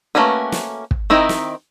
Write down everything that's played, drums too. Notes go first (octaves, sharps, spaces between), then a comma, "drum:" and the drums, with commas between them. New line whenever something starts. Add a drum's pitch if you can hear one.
A3 A#3 C#4 F#4 B4
drum: snare
drum: kick
D#3 C4 D#4 E4
drum: snare